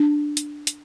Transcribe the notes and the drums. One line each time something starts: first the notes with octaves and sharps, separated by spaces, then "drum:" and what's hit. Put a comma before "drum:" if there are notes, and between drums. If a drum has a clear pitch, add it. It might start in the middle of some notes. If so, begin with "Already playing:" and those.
Already playing: D4
drum: hi-hat
drum: hi-hat